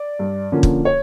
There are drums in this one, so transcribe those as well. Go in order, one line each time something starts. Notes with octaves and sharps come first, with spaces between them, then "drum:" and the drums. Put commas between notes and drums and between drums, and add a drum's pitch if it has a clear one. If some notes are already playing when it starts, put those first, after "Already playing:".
Already playing: D5
G2
D3 F3 A#3 C#4
drum: kick
C#5